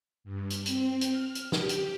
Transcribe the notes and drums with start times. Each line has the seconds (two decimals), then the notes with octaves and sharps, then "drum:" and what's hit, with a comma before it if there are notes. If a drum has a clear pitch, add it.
0.24 G2
0.50 drum: hi-hat
0.66 C4, drum: hi-hat
1.01 drum: hi-hat
1.11 F6
1.35 drum: hi-hat
1.52 G4, drum: snare
1.69 drum: hi-hat